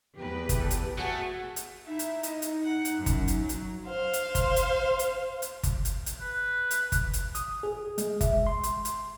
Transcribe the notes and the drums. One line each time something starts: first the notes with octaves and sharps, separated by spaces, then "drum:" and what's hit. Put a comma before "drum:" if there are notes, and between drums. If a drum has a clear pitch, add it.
E2 G4 B4
drum: kick G1, hi-hat
A4
drum: hi-hat
A3 F#4 G#4
drum: hi-hat
D#4 E4 E5
drum: hi-hat
D#5, drum: hi-hat
drum: hi-hat
F#5
drum: hi-hat
F#2
drum: kick G1, hi-hat
drum: hi-hat
F#3
drum: hi-hat
C5 F5
drum: hi-hat
drum: kick G1, hi-hat
drum: hi-hat
drum: hi-hat
drum: hi-hat
drum: kick G1, hi-hat
drum: hi-hat
drum: hi-hat
B4
drum: hi-hat
drum: kick G1, hi-hat
drum: hi-hat
D#6, drum: hi-hat
G#4
G#3, drum: hi-hat
E5, drum: kick G1, hi-hat
C6
drum: hi-hat
drum: hi-hat